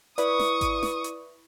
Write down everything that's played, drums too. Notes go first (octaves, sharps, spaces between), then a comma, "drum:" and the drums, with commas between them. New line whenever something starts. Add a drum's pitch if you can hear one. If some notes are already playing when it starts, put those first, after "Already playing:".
E4 B4 D5 C#6 D#6, drum: hi-hat
drum: snare
drum: kick G#1, hi-hat
drum: snare
drum: hi-hat